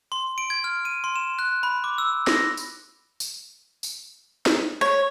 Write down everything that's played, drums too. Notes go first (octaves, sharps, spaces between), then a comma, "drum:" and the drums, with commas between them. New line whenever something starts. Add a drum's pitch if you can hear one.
C6
D7
G#6
F6
D#7
C6
E7
F#6
B5
D6
E6
A#6, drum: snare
drum: tambourine
drum: tambourine
drum: tambourine
drum: snare
C#5